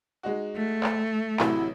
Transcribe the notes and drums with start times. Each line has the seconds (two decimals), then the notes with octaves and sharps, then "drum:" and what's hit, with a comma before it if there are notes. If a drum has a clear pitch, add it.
0.23 G#3 D#4 F#4
0.56 A3
0.83 drum: clap
1.40 A1 C3 F#3 E4, drum: clap